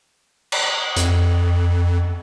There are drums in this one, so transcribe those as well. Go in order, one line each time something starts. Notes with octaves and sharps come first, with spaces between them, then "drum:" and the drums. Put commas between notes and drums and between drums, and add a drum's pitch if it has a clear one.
drum: cymbal
F2, drum: hi-hat